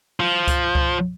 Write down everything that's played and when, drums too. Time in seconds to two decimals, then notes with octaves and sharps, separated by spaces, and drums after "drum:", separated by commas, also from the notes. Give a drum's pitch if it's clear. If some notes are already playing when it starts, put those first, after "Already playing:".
0.20 F3
0.48 drum: kick C#2, hi-hat
0.75 drum: kick C#2